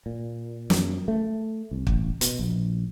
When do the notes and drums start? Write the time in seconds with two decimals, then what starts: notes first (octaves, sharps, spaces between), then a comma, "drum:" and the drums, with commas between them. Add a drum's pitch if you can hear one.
0.06 A#2
0.70 F#2, drum: snare
1.08 A3
1.71 C2
1.87 A1, drum: kick
2.21 B2, drum: hi-hat
2.39 A#1